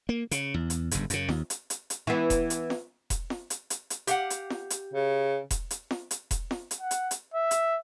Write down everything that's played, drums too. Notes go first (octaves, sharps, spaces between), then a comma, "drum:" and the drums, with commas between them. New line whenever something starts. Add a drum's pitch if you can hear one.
A#3
C#3, drum: hi-hat
E2
drum: hi-hat
F#1 G2, drum: hi-hat
F#2 C#3, drum: hi-hat
D#2, drum: snare F4
drum: hi-hat
drum: hi-hat
drum: hi-hat
E3 B3
drum: kick E1, hi-hat
drum: hi-hat
drum: snare F4
drum: kick E1, hi-hat
drum: snare F4
drum: hi-hat
drum: hi-hat
drum: hi-hat
G4 F5 F#5, drum: hi-hat
drum: hi-hat
drum: snare F4
drum: hi-hat
C#3
drum: kick E1, hi-hat
drum: hi-hat
drum: snare F4
drum: hi-hat
drum: kick E1, hi-hat
drum: snare F4
drum: hi-hat
F#5
drum: hi-hat
drum: hi-hat
E5
drum: hi-hat